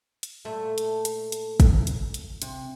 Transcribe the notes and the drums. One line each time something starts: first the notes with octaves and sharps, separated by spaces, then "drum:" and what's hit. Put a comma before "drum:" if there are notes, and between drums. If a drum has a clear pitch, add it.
drum: hi-hat
A#2 A3 E5
drum: hi-hat
drum: hi-hat
drum: hi-hat
drum: kick, hi-hat
drum: hi-hat
drum: hi-hat
C3, drum: hi-hat